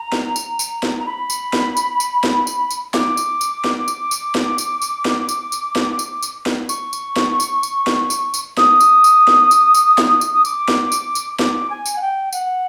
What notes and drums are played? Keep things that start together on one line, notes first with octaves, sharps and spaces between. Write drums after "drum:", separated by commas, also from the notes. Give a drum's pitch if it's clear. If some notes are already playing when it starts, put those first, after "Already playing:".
Already playing: A#5
drum: snare
drum: tambourine
drum: tambourine
drum: snare
A#5
B5
drum: tambourine
drum: snare
drum: tambourine
drum: tambourine
drum: snare
drum: tambourine
drum: tambourine
D6, drum: snare
drum: tambourine
drum: tambourine
drum: snare
drum: tambourine
drum: tambourine
drum: snare
drum: tambourine
drum: tambourine
drum: snare
drum: tambourine
drum: tambourine
drum: snare
drum: tambourine
drum: tambourine
drum: snare
C#6, drum: tambourine
drum: tambourine
drum: snare
drum: tambourine
drum: tambourine
drum: snare
drum: tambourine
drum: tambourine
D#6, drum: snare
drum: tambourine
drum: tambourine
drum: snare
drum: tambourine
drum: tambourine
drum: snare
drum: tambourine
D#6
D6, drum: tambourine
drum: snare
drum: tambourine
drum: tambourine
D6, drum: snare
G#5
drum: tambourine
F#5
G5
F#5, drum: tambourine